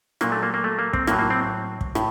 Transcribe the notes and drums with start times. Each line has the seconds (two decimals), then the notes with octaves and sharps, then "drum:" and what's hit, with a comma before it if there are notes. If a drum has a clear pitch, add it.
0.21 A#2 F#3 A#3, drum: rim click
0.32 A3
0.43 A#3
0.54 A#3
0.64 A3
0.79 A#3
0.93 C4, drum: kick
1.07 A2 F#3 A#3, drum: rim click
1.19 A#3
1.30 C4
1.81 drum: kick
1.95 A2, drum: rim click